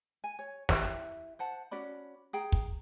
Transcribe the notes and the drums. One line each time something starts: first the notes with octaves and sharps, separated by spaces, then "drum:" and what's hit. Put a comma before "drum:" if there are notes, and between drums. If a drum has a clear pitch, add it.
G#5
C#5
E4 G4 B4 E5, drum: snare
C5 F#5 A5
C#4 F#4 D5 B5
G#4 G5 A#5
drum: kick